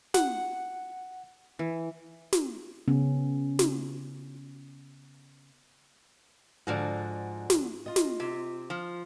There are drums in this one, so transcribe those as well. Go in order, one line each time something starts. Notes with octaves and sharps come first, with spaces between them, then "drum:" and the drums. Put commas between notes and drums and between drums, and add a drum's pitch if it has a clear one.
F#5, drum: snare
E3
drum: snare
C#3 B3 C#4
drum: snare
G#2 D3 F3 F#4 D5
drum: snare
F4 D#5
drum: snare
C3
F3